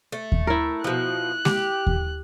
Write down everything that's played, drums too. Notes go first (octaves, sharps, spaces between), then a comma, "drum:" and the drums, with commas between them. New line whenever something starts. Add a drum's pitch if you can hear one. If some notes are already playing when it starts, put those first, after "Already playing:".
A3
drum: kick D#2
E4 A#4
B2 F3 F#6
G4, drum: snare G#3
drum: kick D#2